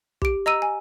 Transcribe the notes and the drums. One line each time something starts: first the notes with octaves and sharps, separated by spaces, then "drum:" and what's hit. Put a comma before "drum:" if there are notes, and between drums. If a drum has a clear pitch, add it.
G4 D7, drum: kick
D#5 A#5 E6 D#7
G#5